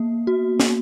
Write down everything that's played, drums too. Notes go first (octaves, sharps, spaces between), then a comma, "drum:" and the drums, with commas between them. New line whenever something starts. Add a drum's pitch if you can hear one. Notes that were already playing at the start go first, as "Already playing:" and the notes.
Already playing: A#3 B3
F#4
drum: snare